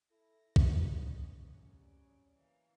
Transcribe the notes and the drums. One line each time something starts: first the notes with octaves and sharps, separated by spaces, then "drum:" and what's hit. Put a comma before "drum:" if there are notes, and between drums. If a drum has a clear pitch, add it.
E4 A4 A#6
A3 C#4 C#5, drum: kick
C#3 F#3 C#4 D#5
F#2 A2 C3
D5
E3 A#3